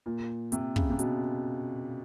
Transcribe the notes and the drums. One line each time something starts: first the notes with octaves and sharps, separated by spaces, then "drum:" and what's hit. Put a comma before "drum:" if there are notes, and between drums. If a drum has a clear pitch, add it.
A#2
C3, drum: hi-hat
C#3, drum: kick
C3
B2, drum: hi-hat